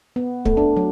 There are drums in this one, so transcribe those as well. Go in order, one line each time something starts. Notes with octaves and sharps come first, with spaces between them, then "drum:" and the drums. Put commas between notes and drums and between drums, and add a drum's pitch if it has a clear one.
B3
A3, drum: kick
D4
F#3